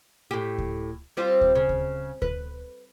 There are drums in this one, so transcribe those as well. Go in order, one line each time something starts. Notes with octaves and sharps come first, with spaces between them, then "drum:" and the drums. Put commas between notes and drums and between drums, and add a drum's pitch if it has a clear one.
A2 G4
drum: kick D2
G3 C4 F4
drum: kick D2
C#3
drum: kick D2
B4, drum: kick D2